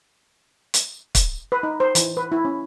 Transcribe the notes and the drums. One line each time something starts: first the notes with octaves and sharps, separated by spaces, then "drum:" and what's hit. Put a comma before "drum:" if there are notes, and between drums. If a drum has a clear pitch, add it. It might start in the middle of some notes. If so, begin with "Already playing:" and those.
drum: hi-hat
drum: kick, hi-hat
B4
D#4
C5
E3, drum: hi-hat
B4
E4
C#4